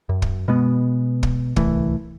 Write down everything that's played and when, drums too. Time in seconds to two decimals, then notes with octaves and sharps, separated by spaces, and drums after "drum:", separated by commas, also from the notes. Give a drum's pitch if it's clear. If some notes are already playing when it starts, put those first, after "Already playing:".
0.09 F#2
0.22 drum: kick
0.48 B2 G#3 B3
1.23 drum: kick
1.56 D1 C2 E3 A3, drum: kick